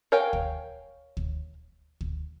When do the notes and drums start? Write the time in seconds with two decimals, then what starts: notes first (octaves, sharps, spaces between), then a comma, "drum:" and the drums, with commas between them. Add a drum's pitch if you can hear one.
0.12 A#4 C#5 F5 G5 G#5
0.33 drum: kick
1.17 drum: kick
2.01 drum: kick